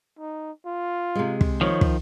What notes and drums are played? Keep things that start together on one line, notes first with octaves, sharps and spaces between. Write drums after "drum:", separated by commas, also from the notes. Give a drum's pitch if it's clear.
D#4
F4
C3 G#3
drum: kick
D#3 F3 C#5
drum: kick